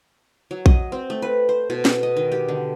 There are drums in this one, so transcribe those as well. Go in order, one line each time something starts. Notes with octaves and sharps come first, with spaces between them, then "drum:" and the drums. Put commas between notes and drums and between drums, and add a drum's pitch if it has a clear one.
F#3
D#5, drum: kick A#1
C4
A3
B4
C5
B2
B2, drum: snare
D#5
D#3
G4
D3